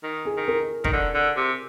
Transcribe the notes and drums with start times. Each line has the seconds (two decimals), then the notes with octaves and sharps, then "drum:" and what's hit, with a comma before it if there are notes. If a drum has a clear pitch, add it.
0.03 D#3
0.25 G#4
0.37 D#3
0.48 A#4
0.84 D#3, drum: kick
0.93 D3
1.14 D3
1.37 C3